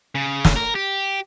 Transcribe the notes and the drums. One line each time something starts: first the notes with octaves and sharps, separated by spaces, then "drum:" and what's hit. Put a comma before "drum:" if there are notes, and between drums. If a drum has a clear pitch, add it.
C#3
drum: snare
A#4
G4